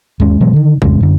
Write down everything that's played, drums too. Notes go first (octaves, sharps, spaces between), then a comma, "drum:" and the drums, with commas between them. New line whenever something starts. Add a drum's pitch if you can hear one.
D#2 G#3 C#4, drum: tom G2
B2 E3 F#3 G#3
D3 D#3
A1 F2 C#3 G#3, drum: kick B1
F#2 D3